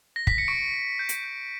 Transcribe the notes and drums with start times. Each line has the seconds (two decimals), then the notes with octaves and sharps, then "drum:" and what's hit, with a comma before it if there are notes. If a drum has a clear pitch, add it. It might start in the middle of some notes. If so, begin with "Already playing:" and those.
0.16 A#6
0.27 B6, drum: kick
0.38 C#7
0.48 C#6 D7
0.74 C#6
0.99 G6
1.09 drum: hi-hat
1.24 G6